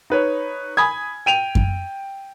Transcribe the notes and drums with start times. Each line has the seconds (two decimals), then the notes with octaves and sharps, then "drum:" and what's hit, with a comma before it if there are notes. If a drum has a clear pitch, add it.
0.10 D#4 B4 C#5
0.77 G#5 B5 D#6 G#6
1.26 G5 D#7 F7
1.55 drum: kick F#2